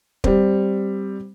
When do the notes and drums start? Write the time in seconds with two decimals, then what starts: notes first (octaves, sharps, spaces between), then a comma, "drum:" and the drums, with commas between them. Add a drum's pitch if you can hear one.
0.24 G3 C4, drum: kick